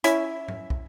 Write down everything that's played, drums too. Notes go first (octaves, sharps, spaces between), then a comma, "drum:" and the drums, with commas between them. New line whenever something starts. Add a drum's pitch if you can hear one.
C#4 E4 E5, drum: hi-hat
drum: tom G#2
drum: kick